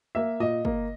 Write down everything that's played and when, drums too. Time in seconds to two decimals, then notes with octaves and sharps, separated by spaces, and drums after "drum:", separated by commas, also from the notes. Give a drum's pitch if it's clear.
0.15 A#3 E5
0.40 A#2 D#5
0.65 A#3, drum: kick